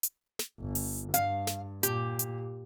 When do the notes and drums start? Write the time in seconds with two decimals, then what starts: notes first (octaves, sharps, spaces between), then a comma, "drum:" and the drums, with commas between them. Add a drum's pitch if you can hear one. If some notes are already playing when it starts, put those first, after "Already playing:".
0.03 drum: hi-hat
0.39 drum: snare
0.60 G1
0.75 drum: open hi-hat
1.14 G2 F5, drum: hi-hat
1.47 drum: snare
1.83 A#2 G4, drum: hi-hat
2.19 drum: hi-hat